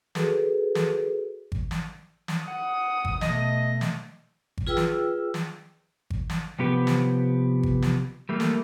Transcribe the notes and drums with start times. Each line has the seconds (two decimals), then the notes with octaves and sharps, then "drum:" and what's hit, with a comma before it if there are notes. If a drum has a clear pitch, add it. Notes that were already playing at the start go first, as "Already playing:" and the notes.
0.15 F#4 G#4 A4 B4, drum: snare
0.75 drum: snare
1.52 drum: kick G#1
1.71 drum: snare
2.28 drum: snare
2.47 F#5 D#6
3.05 drum: kick G#1
3.21 B2 A3 D#5, drum: snare
3.81 drum: snare
4.58 drum: kick G#1
4.67 F4 G#4 B4 G5 E6
4.77 drum: snare
5.34 drum: snare
6.10 drum: kick G#1
6.30 drum: snare
6.59 C3 F3 B3 G4 B4
6.87 drum: snare
7.63 drum: kick G#1
7.82 drum: snare
8.29 G3 A3 A#3
8.40 drum: snare